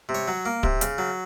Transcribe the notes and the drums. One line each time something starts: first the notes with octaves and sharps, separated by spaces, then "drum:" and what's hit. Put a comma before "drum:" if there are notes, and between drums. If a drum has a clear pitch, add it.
C3
C#5
F#3
A#3
C3, drum: kick
C#3, drum: hi-hat
F#3